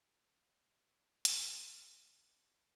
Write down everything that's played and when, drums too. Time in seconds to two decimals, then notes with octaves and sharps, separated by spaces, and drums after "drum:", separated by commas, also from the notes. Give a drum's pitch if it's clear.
0.14 C6 D6 G6 G#6 A#6
1.25 drum: hi-hat